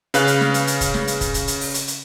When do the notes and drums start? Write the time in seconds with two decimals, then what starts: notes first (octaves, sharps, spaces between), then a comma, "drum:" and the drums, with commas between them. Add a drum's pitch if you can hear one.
0.14 C#3 B4 F5 F#6, drum: hi-hat
0.27 drum: hi-hat
0.41 drum: snare
0.54 drum: hi-hat
0.67 drum: hi-hat
0.81 drum: kick, hi-hat
0.94 drum: snare
1.07 drum: hi-hat
1.21 drum: kick, hi-hat
1.34 drum: kick, hi-hat
1.48 drum: hi-hat
1.61 drum: open hi-hat
1.74 drum: hi-hat
1.88 drum: hi-hat